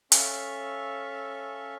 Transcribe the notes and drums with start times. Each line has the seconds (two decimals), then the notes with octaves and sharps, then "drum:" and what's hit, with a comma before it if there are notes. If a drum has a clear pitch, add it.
0.12 C#4 A4 E5 F5 C#6, drum: hi-hat